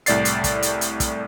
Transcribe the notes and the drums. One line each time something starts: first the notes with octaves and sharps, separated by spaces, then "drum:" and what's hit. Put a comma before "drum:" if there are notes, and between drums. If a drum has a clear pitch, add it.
C2 A2 D5 A6 C7, drum: hi-hat
drum: hi-hat
drum: kick, hi-hat
drum: hi-hat
drum: hi-hat
drum: kick, hi-hat